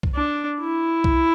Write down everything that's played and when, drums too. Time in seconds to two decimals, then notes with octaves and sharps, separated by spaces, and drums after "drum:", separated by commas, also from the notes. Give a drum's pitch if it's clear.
0.03 drum: kick
0.14 D4
0.60 E4
1.04 drum: kick